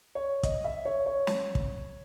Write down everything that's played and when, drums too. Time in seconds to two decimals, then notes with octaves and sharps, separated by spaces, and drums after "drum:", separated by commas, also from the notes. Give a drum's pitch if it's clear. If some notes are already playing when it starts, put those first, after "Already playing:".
0.15 C#5
0.43 D#5, drum: kick, hi-hat
0.64 E5
0.85 C#5
1.06 C#5
1.27 drum: snare
1.55 drum: kick